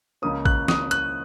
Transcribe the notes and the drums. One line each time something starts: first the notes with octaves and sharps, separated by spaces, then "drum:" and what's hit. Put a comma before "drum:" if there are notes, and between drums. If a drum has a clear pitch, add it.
C#2 C#3 A#3 C#4 D#6
F#6, drum: kick
D#6, drum: snare
F#6, drum: hi-hat